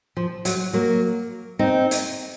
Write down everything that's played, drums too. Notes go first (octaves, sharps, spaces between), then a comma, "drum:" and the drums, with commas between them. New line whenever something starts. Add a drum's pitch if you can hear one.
F3
F#3, drum: hi-hat
F#3 A#3
C4 D#4
drum: hi-hat